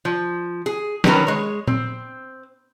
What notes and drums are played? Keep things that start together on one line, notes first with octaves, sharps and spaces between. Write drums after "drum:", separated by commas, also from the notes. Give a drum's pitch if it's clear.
F3
G#4
D#3 F#3 C#4 G#4 A#4 B4, drum: snare
G#3 C#5
C4, drum: tom A#2